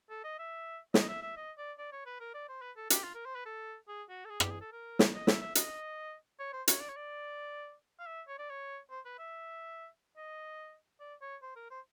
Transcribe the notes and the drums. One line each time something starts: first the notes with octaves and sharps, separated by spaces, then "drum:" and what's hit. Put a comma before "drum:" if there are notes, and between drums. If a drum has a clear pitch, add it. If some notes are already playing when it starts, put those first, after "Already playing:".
A4
D#5
E5
D#5, drum: snare
E5
E5
D#5
D5
D5
C#5
B4
A#4
D5
C5
B4
A4
G4, drum: hi-hat
F4
A#4
C5
B4
A4
G#4
F#4
A4
G#4
G4, drum: rim click
G#4
A4
A#4
drum: snare
D#5
E5, drum: snare
E5
D#5, drum: hi-hat
C#5
C5
C#5, drum: hi-hat
D5
C#5
D5
F5
E5
C#5
D5
C#5
C5
B4
E5
D#5
D5
C#5
C5
A#4
C5